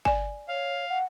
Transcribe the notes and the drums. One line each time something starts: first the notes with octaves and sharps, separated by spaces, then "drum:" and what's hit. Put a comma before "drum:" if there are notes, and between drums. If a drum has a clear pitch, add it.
D5 G#5, drum: kick G1
C#5 F5
F#5